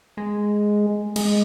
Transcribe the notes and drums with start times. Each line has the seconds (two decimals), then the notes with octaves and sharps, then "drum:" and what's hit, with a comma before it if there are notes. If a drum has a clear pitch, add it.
0.17 G#3
1.16 G#3, drum: cymbal